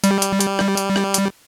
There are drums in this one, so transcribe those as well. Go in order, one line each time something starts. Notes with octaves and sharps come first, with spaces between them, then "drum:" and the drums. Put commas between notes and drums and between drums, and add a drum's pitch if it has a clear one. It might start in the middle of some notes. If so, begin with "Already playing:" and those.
G3, drum: hi-hat
drum: hi-hat
drum: hi-hat
drum: rim click
drum: hi-hat
drum: rim click
drum: hi-hat